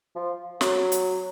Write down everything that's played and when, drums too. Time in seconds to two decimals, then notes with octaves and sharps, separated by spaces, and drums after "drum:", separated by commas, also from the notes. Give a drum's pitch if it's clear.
0.16 F3
0.61 F#3, drum: snare
0.92 drum: hi-hat